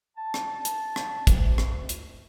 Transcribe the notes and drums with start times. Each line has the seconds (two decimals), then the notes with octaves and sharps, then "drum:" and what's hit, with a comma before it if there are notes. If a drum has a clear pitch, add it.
0.17 A5
0.34 drum: rim click
0.65 drum: hi-hat
0.96 drum: rim click
1.27 D2, drum: kick, hi-hat
1.58 drum: rim click
1.89 drum: hi-hat